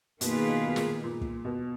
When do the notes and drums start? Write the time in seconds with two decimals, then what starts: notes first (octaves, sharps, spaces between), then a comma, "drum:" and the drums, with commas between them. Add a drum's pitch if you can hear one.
0.21 B2 D#3 A#3 F4 G#4 B4, drum: hi-hat
0.48 B2
0.66 B2
0.76 A#2, drum: snare
1.03 A#2
1.21 drum: kick
1.45 B2